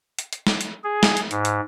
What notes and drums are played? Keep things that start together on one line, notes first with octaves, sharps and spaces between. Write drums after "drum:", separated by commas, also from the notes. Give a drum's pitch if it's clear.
drum: hi-hat
drum: hi-hat
drum: snare
drum: hi-hat
G#4
drum: snare
drum: hi-hat
G#2, drum: hi-hat
drum: hi-hat